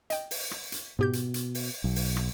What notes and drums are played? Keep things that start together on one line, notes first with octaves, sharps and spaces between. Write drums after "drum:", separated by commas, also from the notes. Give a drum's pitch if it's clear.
D#5 G5, drum: hi-hat
drum: open hi-hat
drum: rim click
drum: hi-hat
G#2 B2 G4 G6
drum: hi-hat
drum: hi-hat
drum: open hi-hat
B1
drum: open hi-hat
drum: rim click